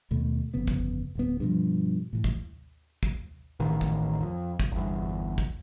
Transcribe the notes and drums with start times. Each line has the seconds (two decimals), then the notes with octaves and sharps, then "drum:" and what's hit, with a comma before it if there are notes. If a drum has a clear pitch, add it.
0.11 D#2 B2 A3
0.54 G1 F2 C#3 B3
0.67 drum: kick
1.15 D1 B3
1.40 G2 B2 F3
2.13 A2 E3
2.24 drum: kick
3.03 drum: kick
3.60 A1 D#3
3.81 drum: kick
4.20 F2
4.60 drum: kick
4.71 G1 E2
5.38 drum: kick